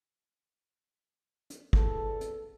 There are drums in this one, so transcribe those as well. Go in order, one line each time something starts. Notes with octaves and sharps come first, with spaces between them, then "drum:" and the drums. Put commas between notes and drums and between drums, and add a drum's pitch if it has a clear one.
drum: hi-hat
E2 A4, drum: kick
drum: hi-hat